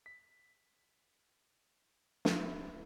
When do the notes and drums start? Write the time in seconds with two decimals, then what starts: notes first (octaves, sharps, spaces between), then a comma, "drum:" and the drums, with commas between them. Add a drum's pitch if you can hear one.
0.06 B6
2.25 F4, drum: snare
2.41 E4